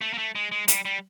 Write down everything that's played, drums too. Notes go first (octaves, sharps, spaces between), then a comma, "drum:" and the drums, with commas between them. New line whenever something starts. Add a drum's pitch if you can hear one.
A3
A#3
A3
G#3
G#3
G3, drum: hi-hat
G3